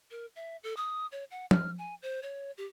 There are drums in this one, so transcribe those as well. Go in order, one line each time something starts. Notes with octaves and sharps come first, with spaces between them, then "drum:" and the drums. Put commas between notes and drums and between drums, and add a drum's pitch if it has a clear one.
A#4
E5
A4
D#6
C#5
F#5
F6, drum: tom F3
G#5
C5
C#5
G4